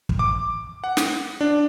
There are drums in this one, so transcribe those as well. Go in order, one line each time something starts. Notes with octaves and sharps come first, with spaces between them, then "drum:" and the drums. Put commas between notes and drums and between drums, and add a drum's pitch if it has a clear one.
drum: kick
D6
F#5
drum: snare
D4